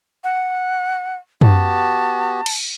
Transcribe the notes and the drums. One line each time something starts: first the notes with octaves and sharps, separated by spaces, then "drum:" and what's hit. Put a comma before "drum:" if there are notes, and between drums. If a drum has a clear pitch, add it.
F#5
B3 F#4 G4 A5, drum: tom F#2
drum: cymbal